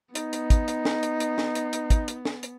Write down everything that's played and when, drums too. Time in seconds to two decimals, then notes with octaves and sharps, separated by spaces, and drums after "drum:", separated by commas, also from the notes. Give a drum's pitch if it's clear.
0.15 B3 D#4, drum: hi-hat
0.33 drum: hi-hat
0.50 drum: kick, hi-hat
0.68 drum: hi-hat
0.85 drum: snare
1.03 drum: hi-hat
1.20 drum: hi-hat
1.38 drum: snare
1.55 drum: hi-hat
1.73 drum: hi-hat
1.90 drum: kick, hi-hat
2.08 drum: hi-hat
2.25 drum: snare
2.43 drum: hi-hat